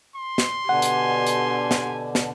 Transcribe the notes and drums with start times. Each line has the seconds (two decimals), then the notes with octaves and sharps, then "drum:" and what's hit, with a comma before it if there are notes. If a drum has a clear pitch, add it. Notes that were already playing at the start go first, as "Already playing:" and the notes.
0.16 C6
0.38 drum: snare
0.69 B2 D3 G4 F#5 G#5
0.82 drum: hi-hat
1.27 drum: hi-hat
1.71 drum: snare
2.15 drum: snare